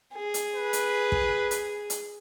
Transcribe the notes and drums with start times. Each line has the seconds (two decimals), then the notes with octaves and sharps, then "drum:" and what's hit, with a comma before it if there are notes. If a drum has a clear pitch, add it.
0.15 G#4
0.34 drum: hi-hat
0.56 B4
0.73 drum: hi-hat
1.12 drum: kick
1.51 drum: hi-hat
1.90 drum: hi-hat